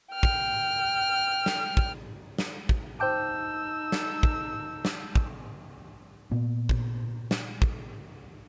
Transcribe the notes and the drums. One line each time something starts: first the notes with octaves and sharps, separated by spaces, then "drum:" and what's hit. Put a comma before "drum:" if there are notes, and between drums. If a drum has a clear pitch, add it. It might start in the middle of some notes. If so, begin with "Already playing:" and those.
G5 F6
drum: kick
drum: snare
drum: kick
drum: snare
drum: kick
D#4 C5 G5 A5 D6 E6 G6
drum: snare
drum: kick
drum: snare
drum: kick
A#2 A#3 B3
drum: kick
drum: snare
drum: kick